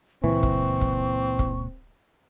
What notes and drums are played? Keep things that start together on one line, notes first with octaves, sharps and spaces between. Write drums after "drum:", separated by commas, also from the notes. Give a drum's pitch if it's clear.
C#2 A#2 E3 A#3 C4 C#6
drum: kick
drum: kick
drum: kick